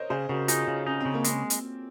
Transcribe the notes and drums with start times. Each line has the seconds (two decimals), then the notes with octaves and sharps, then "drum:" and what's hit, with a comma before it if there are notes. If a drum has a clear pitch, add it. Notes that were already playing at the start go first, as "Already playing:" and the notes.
Already playing: A#4 C5 C#5 D#5
0.10 C#3 G#4 C5
0.29 C#3 F#4 A#4
0.48 D#4 F4 G#4, drum: hi-hat
0.67 C#3
0.87 C#4 D#4
1.01 C#3 C4
1.14 A#3
1.24 G#3 C4, drum: hi-hat
1.50 drum: hi-hat